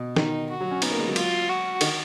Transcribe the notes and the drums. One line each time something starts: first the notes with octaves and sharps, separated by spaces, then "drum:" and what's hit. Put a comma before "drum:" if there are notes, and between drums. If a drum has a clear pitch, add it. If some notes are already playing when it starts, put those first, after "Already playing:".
Already playing: B2
D#3 D#4, drum: snare
F#4
F#3
C#4
B3 D#4, drum: cymbal
A#3
G#3
F#3
F4, drum: cymbal
F#4
D#3, drum: cymbal